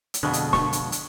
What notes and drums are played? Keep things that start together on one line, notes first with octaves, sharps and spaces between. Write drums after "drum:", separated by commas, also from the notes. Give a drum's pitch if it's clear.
drum: hi-hat
F2 B2 D3 G#3
drum: hi-hat
C#6, drum: snare
drum: hi-hat
drum: hi-hat